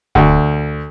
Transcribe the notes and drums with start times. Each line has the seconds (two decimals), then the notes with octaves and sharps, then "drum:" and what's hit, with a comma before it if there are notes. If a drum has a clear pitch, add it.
0.15 D2, drum: kick D#1